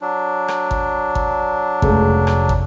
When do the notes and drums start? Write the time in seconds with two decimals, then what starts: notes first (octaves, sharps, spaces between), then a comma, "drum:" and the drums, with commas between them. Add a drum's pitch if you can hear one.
0.01 F#3 D4
0.48 drum: rim click
0.71 drum: kick
1.15 drum: kick
1.82 F1 C#2 G#3 A3, drum: kick
2.27 drum: rim click
2.49 drum: kick